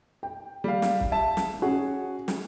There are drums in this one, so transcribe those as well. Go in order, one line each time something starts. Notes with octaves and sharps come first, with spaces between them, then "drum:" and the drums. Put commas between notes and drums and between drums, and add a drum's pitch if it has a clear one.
G5
G3 F5
drum: snare
drum: kick
E5 A5
drum: snare
C#4 F#4 G#4
drum: snare